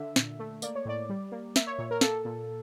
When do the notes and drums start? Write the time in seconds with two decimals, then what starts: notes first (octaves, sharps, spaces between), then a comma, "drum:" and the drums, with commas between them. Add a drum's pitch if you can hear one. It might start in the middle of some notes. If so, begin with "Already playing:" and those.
Already playing: D3 E5
0.16 A#2, drum: snare
0.39 A3
0.62 A#3 D5, drum: tambourine
0.75 C#5
0.85 A2 D5
1.09 G3
1.32 A#3
1.56 A#3 E5, drum: snare
1.67 C#5
1.78 A#2 C#5
1.91 A#4
2.01 A#3 A4, drum: snare
2.25 A#2